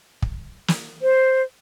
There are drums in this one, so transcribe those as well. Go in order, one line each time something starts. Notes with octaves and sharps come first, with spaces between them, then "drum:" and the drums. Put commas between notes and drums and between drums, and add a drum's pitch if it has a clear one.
drum: kick
drum: snare
C5